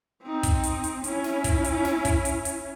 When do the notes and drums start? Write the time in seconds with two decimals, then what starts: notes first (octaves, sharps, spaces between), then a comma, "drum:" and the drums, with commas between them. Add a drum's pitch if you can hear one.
0.22 C4 D#4
0.43 drum: kick, hi-hat
0.63 drum: hi-hat
0.84 drum: hi-hat
1.04 C#4 E4, drum: hi-hat
1.24 drum: snare
1.44 drum: kick, hi-hat
1.64 drum: hi-hat
1.85 drum: snare
2.05 drum: kick, hi-hat
2.25 drum: hi-hat
2.45 drum: hi-hat